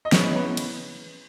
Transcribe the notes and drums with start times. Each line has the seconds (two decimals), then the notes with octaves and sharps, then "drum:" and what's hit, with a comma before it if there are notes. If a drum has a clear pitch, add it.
0.05 D#5
0.12 C#3 E3 B3 C#5, drum: snare
0.30 C#5
0.36 B4
0.57 drum: cymbal